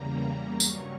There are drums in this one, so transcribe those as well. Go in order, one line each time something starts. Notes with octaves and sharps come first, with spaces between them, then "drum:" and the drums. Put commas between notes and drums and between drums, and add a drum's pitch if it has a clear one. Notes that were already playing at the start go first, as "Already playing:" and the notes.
Already playing: E2 C#3 G3 A#3 A#5
G2 F#3 C#4 C#6, drum: tambourine